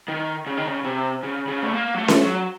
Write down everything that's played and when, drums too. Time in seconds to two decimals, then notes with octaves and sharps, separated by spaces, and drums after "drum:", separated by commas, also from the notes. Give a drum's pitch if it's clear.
0.08 D#3
0.46 C#3
0.57 D#3
0.67 C#3
0.84 C3
1.23 C#3
1.48 C#3
1.63 A3
1.73 A#3
1.94 F#3
1.98 A3
2.08 drum: snare C#4
2.24 F#3